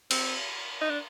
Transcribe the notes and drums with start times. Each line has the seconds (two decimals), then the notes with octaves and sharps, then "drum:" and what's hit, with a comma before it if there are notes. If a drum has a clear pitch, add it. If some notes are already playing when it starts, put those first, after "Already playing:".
0.11 C4, drum: cymbal
0.81 D#4
0.90 D4